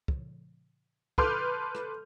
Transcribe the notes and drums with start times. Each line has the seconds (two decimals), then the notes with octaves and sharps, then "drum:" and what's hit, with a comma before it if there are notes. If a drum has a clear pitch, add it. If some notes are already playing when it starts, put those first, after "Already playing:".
0.08 drum: kick
1.18 A4 B4 C6 D6 F6 G6, drum: kick
1.75 drum: rim click